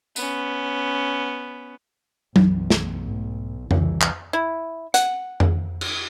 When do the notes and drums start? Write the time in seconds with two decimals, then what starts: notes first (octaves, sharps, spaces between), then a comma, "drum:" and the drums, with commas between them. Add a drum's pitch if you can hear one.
0.16 B3 C#4, drum: tambourine
2.36 B1 F#2 E3, drum: tom F#3
2.70 drum: snare
3.08 G#2 A3
3.71 C2 C#3 E3, drum: tom F2
4.01 drum: clap
4.33 E4
4.94 F#5, drum: hi-hat
5.40 drum: tom F2
5.81 drum: cymbal